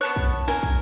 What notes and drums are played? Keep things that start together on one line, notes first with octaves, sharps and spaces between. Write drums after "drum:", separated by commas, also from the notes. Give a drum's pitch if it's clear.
B3 C#5 A5 F#6
drum: kick
A#4 G#5, drum: snare
drum: kick